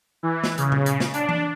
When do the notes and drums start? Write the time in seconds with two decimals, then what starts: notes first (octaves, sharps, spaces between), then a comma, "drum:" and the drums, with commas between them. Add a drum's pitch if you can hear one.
0.23 E3
0.44 drum: snare
0.58 C#3, drum: hi-hat
0.72 drum: tom A#2
0.86 drum: hi-hat
1.00 drum: snare
1.14 D4, drum: hi-hat
1.29 drum: tom E3